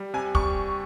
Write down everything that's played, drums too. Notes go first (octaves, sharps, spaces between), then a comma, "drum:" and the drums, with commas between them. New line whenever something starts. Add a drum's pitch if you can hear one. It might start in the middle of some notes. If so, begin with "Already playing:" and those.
Already playing: G3
C3 G#5
G3 C#6, drum: kick